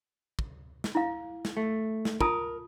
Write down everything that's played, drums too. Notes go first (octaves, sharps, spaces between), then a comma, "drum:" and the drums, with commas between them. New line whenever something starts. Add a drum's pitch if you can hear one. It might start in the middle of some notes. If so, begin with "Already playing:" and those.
drum: kick
drum: snare
E4 F5
drum: snare
A3
drum: snare
F4 A#4 A5 D#6, drum: kick